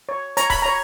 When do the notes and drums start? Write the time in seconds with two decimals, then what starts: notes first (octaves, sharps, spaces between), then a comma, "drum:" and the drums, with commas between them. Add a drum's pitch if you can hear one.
0.09 C#5
0.37 C#5 A#5, drum: hi-hat
0.50 B5, drum: kick, open hi-hat
0.62 C#5 A#5